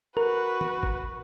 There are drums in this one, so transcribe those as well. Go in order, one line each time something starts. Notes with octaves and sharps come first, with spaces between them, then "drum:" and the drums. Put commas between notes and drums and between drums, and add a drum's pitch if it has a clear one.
F#4 A#4 B4
drum: tom
drum: kick F#1